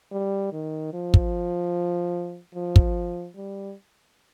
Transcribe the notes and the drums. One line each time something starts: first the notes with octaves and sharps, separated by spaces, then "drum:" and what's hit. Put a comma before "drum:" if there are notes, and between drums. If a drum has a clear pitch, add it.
G3
D#3
F3
drum: kick
F3
drum: kick
G3